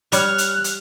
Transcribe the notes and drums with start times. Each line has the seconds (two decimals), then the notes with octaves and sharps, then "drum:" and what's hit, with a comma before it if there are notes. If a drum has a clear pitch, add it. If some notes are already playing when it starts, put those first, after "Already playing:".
0.12 G3 C#5 F6 F#6, drum: hi-hat
0.38 drum: hi-hat
0.64 drum: hi-hat